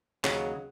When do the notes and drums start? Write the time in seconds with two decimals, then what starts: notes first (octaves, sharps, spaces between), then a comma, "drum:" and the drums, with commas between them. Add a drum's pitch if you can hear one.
0.24 D#2 C#3 F#3, drum: clap